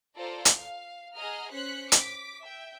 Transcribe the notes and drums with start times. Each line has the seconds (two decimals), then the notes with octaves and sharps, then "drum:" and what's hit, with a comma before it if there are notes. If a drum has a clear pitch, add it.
0.17 F4 A4 C5 D5 A#5
0.45 drum: hi-hat
0.56 F5
1.14 G#4 D#5 F#5 A#5 F6
1.52 C#4 C5 F#6 B6 C#7
1.92 D6 B6, drum: hi-hat
2.41 E5 G5